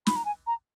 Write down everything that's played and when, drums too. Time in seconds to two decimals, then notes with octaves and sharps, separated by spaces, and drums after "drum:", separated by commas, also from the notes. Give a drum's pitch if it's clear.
0.07 B5, drum: snare
0.16 A#5
0.25 G#5
0.47 A#5